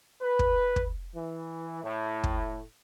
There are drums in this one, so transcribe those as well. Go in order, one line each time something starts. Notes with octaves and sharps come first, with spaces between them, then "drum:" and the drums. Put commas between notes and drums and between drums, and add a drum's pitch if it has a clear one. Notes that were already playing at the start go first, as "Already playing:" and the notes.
B4
drum: kick
drum: kick
E3
A2
drum: kick